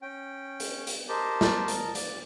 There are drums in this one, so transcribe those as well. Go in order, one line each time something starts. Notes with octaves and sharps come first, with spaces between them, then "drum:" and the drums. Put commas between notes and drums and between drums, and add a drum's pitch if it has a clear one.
C#4 G5
drum: hi-hat
drum: hi-hat
G4 A#4 C5 D#5 A5
drum: snare
drum: hi-hat
D5, drum: hi-hat